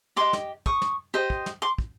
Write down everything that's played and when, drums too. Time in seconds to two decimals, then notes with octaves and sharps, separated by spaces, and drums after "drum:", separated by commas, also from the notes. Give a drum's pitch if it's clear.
0.16 G4 C5 D#5 C6 D6
0.33 drum: snare
0.66 C#6 D#6, drum: kick
0.82 drum: snare
1.14 G4 C5 D#5
1.30 drum: kick
1.46 drum: snare
1.62 C6 D6
1.78 drum: kick